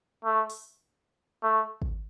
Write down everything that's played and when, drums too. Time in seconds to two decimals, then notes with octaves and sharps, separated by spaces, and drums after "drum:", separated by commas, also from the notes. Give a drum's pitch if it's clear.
0.24 A3
0.50 drum: open hi-hat
1.43 A3
1.82 drum: kick